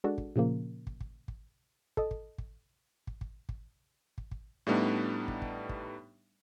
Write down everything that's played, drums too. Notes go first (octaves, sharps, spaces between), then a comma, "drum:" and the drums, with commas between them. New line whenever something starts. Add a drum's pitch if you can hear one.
G#3 D4 F#4 A4
drum: kick
A#2 C#3 F3 A#3
drum: kick
drum: kick
drum: kick
A4 D#5, drum: kick
drum: kick
drum: kick
drum: kick
drum: kick
drum: kick
drum: kick
drum: kick
A2 G3 A3 B3 D4 D#4
drum: kick
drum: kick
drum: kick